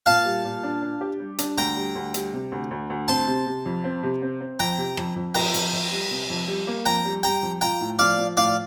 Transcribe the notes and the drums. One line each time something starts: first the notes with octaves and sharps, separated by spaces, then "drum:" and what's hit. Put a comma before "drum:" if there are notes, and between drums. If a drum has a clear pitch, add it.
A#2 F5 A5
G3
A#2
D4
D4
G4
G3
D4, drum: hi-hat
D2 G5 A#5
G3
D2
G3, drum: hi-hat
C3
D2
D2
D2
C4 A5 C6
C3
C3
F2
C4
C3
C4
C4
F2 G5 A#5
C3
F2, drum: rim click
F2
F2 G5 A#5, drum: cymbal
F2, drum: hi-hat
F2
G3
C3
F2
G3
A#3
F2 G5 A#5
G3
G3 G5 A#5
F2
F4 G5 A#5
A2
F3 D5 F5
F3
A2 D5 F5